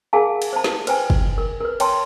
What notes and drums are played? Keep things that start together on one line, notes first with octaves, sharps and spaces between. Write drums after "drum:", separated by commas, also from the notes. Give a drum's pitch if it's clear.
G#4 A#4 F5 F#5 G#5 A5
drum: cymbal
C5 A5
drum: snare
B4 C5 G5 G#5, drum: cymbal
drum: kick
A#4
A#4 B4
C#5 G5 A5 C6, drum: cymbal